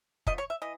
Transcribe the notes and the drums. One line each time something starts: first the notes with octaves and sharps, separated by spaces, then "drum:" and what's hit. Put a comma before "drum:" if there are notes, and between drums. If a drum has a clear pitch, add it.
D3 F3 A3 D#5, drum: kick
C#5
E5
E3 D#5